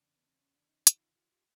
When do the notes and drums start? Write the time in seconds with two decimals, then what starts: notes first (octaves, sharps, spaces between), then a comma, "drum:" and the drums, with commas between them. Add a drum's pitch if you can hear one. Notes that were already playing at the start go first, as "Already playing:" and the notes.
Already playing: E2 C#3 D4
0.15 B3
0.28 C4
0.41 C#4
0.54 D4
0.68 C#4 D#4
0.87 E4, drum: hi-hat
0.92 D#4 F4
1.16 E4 F#4
1.31 F4 G4